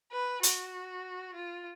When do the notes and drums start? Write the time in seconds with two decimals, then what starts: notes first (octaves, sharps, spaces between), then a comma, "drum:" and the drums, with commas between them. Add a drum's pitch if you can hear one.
0.12 B4
0.43 F#4, drum: hi-hat
1.34 F4